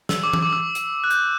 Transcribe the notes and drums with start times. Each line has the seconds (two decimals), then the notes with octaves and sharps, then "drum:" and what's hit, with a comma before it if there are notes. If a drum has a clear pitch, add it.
0.09 E6, drum: snare
0.23 D6
0.33 E6, drum: tom E3
0.42 D6
0.53 E6
0.75 drum: hi-hat
1.04 F#6
1.11 G6, drum: hi-hat